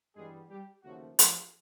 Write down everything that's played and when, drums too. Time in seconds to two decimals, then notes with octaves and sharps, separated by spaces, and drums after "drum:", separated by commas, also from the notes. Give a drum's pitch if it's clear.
0.14 G2 E3 G3 G#3 B3 G#4
0.49 G3 G4
0.83 D#2 C#3 F3 F#3 A3 F#4
1.19 F3 F4, drum: hi-hat